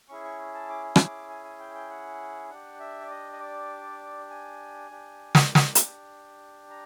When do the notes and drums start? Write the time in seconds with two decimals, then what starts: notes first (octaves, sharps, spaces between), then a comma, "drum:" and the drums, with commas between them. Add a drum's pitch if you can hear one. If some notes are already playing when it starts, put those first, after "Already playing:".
0.09 C#4 E4 G#4 C#6
0.24 C#6
0.54 A5
0.69 D6
0.96 D6, drum: rim click
1.30 G#5
1.44 G#5
1.59 G5
1.75 G5
1.90 F#5
2.49 D4 G4 F#5
2.80 E5
3.01 D5
3.10 D#5
3.32 D#5
3.40 D5
4.30 G#5
4.91 D4 G4
5.35 drum: snare
5.55 drum: snare
5.75 drum: hi-hat
6.70 A#5